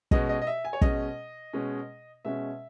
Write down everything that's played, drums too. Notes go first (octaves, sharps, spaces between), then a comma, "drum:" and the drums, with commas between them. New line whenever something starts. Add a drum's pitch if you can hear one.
B2 G#3 C#4 D#5, drum: kick
D#5
D#5
E5
G#5
C#5
B2 G#3 C#4 D#5, drum: kick
B2 G#3 C#4
B2 G#3 C#4 E5